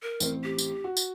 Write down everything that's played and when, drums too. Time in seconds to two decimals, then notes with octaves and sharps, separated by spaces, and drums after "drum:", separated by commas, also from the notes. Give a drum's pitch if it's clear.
0.03 A#4
0.20 A1 C4, drum: tambourine
0.44 G4
0.59 drum: tambourine
0.84 F#4
0.97 drum: tambourine